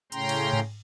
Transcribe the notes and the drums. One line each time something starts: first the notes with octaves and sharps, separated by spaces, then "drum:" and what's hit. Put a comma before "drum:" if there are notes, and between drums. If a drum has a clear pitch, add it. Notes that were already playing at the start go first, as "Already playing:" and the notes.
A2 C#3 C#4 G5 A#5 C6, drum: hi-hat
drum: cymbal
drum: tom G#2